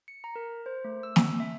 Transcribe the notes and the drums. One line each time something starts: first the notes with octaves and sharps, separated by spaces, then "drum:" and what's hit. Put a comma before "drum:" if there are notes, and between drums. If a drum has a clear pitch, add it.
C#7
A#5
A#4
C5
A3
E6
drum: snare
E5